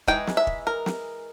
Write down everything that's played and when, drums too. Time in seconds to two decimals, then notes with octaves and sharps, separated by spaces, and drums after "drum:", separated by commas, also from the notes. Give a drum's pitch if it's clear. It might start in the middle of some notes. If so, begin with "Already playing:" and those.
0.07 E3 G#3 D#4 G5, drum: kick
0.27 drum: snare
0.37 E5
0.47 drum: kick
0.67 A#4
0.86 drum: snare